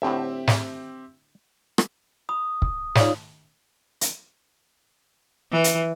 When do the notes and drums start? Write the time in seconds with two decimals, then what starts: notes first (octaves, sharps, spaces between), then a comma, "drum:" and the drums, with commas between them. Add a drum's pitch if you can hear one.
0.02 D2 A2 C4 G4 E5
0.47 drum: snare
1.78 drum: rim click
2.29 B5 D#6
2.62 drum: kick
2.95 D#4 F4 G#4 C#5 D5 F5, drum: snare
4.01 drum: hi-hat
5.51 E3
5.64 drum: hi-hat